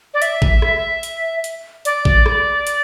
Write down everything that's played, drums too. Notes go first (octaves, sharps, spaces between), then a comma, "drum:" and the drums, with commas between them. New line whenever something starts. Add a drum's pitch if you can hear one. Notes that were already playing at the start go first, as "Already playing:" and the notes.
D5
E5, drum: hi-hat
drum: kick G#1
drum: rim click
drum: hi-hat
drum: hi-hat
D5, drum: hi-hat
drum: kick G#1
drum: rim click
drum: hi-hat